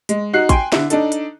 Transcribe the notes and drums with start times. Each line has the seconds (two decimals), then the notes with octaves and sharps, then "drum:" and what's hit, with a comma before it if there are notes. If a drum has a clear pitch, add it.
0.09 G#3, drum: hi-hat
0.33 D#4 F#4 F#6 C7
0.49 G5 G#5 C6, drum: kick A1, hi-hat
0.72 D3 E4, drum: snare
0.90 D4 D#4 A4, drum: hi-hat
1.12 drum: hi-hat